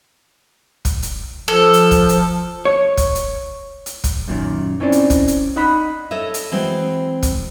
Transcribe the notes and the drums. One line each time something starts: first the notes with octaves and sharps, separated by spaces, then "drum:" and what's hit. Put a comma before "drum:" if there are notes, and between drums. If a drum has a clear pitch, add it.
drum: kick, hi-hat
drum: hi-hat
F3 A4
drum: hi-hat
drum: kick, hi-hat
drum: hi-hat
C#5
drum: kick, hi-hat
drum: hi-hat
drum: hi-hat
drum: kick, hi-hat
F#2 A#2 D#3
C4 C#4 D#4 E4 C5 D5
drum: hi-hat
drum: kick, hi-hat
drum: hi-hat
D#4 F#5 B5
A4 C#5 D#5 E5
drum: hi-hat
E3 G#3 C4 F#4
drum: kick, hi-hat